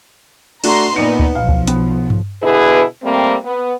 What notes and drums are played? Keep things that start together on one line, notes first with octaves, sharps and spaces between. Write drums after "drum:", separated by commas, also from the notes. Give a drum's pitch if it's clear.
A3 D4 F#4 A#5 C6, drum: cymbal
A#2 B3 D#4 D5 C#7
drum: kick D2
B1 F3 F5
drum: kick D2
B3, drum: hi-hat
drum: tom G2
B2 D3 E4 G#4 B4
G3 A3 A#3 C4
B3